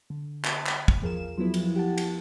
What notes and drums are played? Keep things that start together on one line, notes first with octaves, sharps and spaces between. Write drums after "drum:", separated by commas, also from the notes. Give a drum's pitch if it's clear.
D3
drum: clap
drum: clap
drum: kick
E2 F3 G#4 A#4 F5 E7
F3 F#3 B3 E4 B4
drum: cymbal
G4 F#5 A5
drum: cymbal